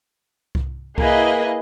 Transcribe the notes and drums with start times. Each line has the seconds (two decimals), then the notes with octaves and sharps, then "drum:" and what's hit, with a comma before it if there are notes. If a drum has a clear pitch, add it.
0.55 drum: kick C2
0.98 A#3 E4 G#4 B4 D#5, drum: kick C2